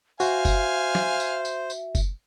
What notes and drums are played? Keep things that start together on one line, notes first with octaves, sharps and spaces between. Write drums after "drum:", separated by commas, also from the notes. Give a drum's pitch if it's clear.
F#4 C5 E5 F5 G#5, drum: tambourine
drum: kick F#1, tambourine
drum: snare
drum: tambourine
drum: tambourine
drum: tambourine
drum: kick F#1, tambourine